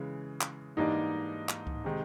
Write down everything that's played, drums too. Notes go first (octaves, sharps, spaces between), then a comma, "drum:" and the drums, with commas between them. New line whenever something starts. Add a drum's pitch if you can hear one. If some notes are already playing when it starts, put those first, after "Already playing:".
Already playing: C#3 E3 G#3
drum: clap
G#2 E3 G3 A#3 D4 D#4
drum: clap
drum: kick C#2
C3 D#3 G#3